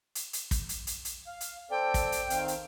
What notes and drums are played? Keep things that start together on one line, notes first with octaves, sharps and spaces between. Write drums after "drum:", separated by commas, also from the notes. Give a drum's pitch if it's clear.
drum: hi-hat
drum: hi-hat
drum: kick, hi-hat
drum: hi-hat
drum: hi-hat
drum: hi-hat
F5
drum: hi-hat
C4 A4 D5 G5
drum: kick, hi-hat
drum: hi-hat
D#3 C4 F5, drum: hi-hat
drum: hi-hat